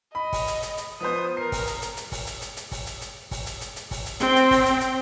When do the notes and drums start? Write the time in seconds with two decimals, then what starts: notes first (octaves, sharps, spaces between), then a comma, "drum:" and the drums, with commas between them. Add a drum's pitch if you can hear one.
0.15 D#5 B5
0.33 drum: kick, open hi-hat
0.47 drum: hi-hat
0.62 drum: hi-hat
0.77 drum: hi-hat
1.00 F3 B3 C5 D#6
1.37 A#4 C7
1.52 drum: kick, open hi-hat
1.67 drum: hi-hat
1.82 drum: hi-hat
1.97 drum: hi-hat
2.12 drum: kick, open hi-hat
2.27 drum: hi-hat
2.42 drum: hi-hat
2.57 drum: hi-hat
2.72 drum: kick, open hi-hat
2.86 drum: hi-hat
3.01 drum: hi-hat
3.31 drum: kick, open hi-hat
3.46 drum: hi-hat
3.61 drum: hi-hat
3.76 drum: hi-hat
3.91 drum: kick, open hi-hat
4.06 drum: hi-hat
4.20 C4, drum: hi-hat
4.36 drum: hi-hat
4.51 drum: kick, open hi-hat
4.66 drum: hi-hat
4.81 drum: hi-hat